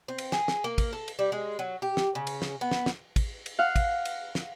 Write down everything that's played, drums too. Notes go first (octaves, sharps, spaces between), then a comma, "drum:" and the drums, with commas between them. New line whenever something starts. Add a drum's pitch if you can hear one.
C4
drum: cymbal
G#4, drum: snare
drum: snare
A#3
drum: kick, cymbal
A4
drum: cymbal
G3
G#3
F#3
G4
drum: snare
C#3
drum: cymbal
drum: snare
B3
drum: snare
drum: snare
drum: kick, cymbal
drum: cymbal
F5 F#5
drum: kick, cymbal
drum: cymbal
drum: snare